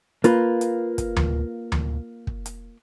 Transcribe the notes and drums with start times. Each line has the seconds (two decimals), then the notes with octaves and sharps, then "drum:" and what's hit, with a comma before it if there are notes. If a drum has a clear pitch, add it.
0.24 A#3 F4 B4, drum: hi-hat
0.61 drum: hi-hat
0.98 drum: kick, hi-hat
1.16 drum: tom D2
1.72 drum: tom D2
2.27 drum: kick
2.46 drum: hi-hat